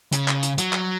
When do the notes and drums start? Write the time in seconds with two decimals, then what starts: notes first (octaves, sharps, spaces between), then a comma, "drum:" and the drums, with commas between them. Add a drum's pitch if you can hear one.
0.13 C#3, drum: hi-hat
0.28 drum: clap
0.43 drum: hi-hat
0.58 F#3, drum: hi-hat
0.73 drum: clap